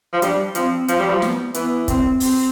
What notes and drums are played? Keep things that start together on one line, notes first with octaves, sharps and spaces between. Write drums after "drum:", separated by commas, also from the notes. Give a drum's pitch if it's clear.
F3
G3 D4, drum: hi-hat
F3 C4, drum: hi-hat
F3, drum: hi-hat
G3
F3
B3, drum: snare
E3 B3, drum: hi-hat
C4, drum: kick, hi-hat
C4, drum: open hi-hat